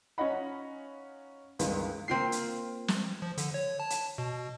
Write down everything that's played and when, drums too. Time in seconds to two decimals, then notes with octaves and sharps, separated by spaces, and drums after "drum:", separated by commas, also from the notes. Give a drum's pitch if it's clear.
0.18 C#4 D#4 F4 D#5 F#5 B5
1.59 C#2 G2 D#3 E3 G#3 B3, drum: hi-hat
2.08 A#3 C4 F4 C7
2.32 drum: hi-hat
2.88 drum: snare
3.22 F3
3.37 D3, drum: hi-hat
3.54 C#5
3.80 A5
3.90 drum: hi-hat
4.18 B2